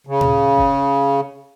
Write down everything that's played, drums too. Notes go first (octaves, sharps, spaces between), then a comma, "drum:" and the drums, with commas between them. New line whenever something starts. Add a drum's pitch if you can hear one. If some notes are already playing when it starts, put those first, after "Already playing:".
C#3
drum: tom
drum: kick F#1